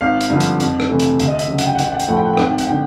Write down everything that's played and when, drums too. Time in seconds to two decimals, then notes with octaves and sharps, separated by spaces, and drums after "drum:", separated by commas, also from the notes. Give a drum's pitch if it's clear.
0.01 G#1 F5
0.21 drum: hi-hat
0.30 G2 D3 F3
0.40 drum: hi-hat
0.60 F2, drum: hi-hat
0.80 drum: rim click
0.90 C3 E3 A3
0.99 drum: hi-hat
1.19 D2, drum: hi-hat
1.28 D#5
1.39 E5, drum: hi-hat
1.48 C#3 F#3
1.58 F#5, drum: hi-hat
1.66 G5
1.75 F#5
1.79 A1, drum: hi-hat
1.84 G5
1.92 F#5
2.00 G5, drum: hi-hat
2.08 A2 F3 A3 F#5
2.17 G5
2.25 F#5
2.33 G5
2.37 G#1 F#5, drum: rim click
2.50 G5
2.58 F#5, drum: hi-hat
2.67 G5
2.70 D3